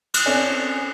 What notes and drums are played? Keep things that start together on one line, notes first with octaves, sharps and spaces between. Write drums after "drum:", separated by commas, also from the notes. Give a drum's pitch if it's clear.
drum: cymbal
C4 C#4 A4 D5 G#5